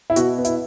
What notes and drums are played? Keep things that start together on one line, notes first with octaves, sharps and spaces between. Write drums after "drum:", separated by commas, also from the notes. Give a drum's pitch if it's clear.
E4
B2 F#4, drum: hi-hat
B3
E4, drum: hi-hat